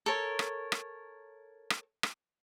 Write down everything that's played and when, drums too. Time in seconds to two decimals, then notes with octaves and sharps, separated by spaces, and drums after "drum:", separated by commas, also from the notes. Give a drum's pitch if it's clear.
0.06 A4 A#4 C#5
0.39 drum: rim click
0.72 drum: rim click
1.70 drum: rim click
2.03 drum: rim click